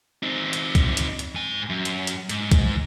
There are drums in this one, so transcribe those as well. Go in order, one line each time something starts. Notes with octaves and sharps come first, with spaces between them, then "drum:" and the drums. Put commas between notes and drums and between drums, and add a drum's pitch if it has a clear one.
C4 D#4
drum: hi-hat
drum: kick C2, hi-hat
drum: hi-hat
drum: hi-hat
G#2 G#5
F#2
drum: hi-hat
drum: hi-hat
G#2, drum: hi-hat
drum: kick C2, hi-hat